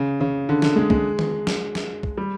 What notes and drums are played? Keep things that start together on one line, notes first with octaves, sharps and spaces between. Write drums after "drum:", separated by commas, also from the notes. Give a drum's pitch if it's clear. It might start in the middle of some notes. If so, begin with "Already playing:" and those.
Already playing: C#3
C#3
D3
D3, drum: snare
G#3
G#3, drum: kick
drum: tom
drum: snare
drum: snare
drum: kick
G3